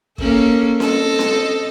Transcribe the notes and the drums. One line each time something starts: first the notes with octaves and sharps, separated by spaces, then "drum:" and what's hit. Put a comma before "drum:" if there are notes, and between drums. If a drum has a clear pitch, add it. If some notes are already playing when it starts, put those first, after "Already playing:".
A#3 C#4 A4, drum: kick
C4 A4 D#5, drum: snare C#4
drum: snare C#4